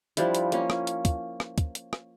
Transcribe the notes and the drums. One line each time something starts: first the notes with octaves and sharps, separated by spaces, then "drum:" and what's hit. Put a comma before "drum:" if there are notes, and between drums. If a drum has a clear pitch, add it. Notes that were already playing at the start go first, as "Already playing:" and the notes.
F3 G3 D4 E4, drum: hi-hat
drum: hi-hat
A#3 C#4, drum: hi-hat
drum: rim click
drum: hi-hat
drum: kick, hi-hat
drum: rim click
drum: kick, hi-hat
drum: hi-hat
drum: rim click